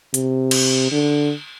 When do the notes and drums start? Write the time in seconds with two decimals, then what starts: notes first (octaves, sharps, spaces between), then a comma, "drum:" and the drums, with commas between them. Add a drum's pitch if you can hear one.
0.14 C3, drum: hi-hat
0.51 drum: cymbal
0.92 D3